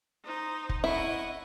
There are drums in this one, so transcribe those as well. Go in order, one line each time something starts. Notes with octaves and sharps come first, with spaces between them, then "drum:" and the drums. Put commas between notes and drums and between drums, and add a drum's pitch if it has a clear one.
D#4 C5
drum: kick
E4 D#5 F#5 C#6